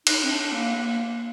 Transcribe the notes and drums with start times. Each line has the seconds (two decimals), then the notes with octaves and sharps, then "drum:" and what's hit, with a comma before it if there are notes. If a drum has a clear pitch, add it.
0.07 D#4, drum: cymbal
0.24 C4
0.29 D4
0.52 A#3
0.75 A#3
0.99 A#3